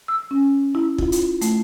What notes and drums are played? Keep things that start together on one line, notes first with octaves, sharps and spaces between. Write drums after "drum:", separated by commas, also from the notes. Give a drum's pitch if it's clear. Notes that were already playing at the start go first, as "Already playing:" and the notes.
E6
C#4
E4
F4, drum: kick
drum: hi-hat
A3, drum: hi-hat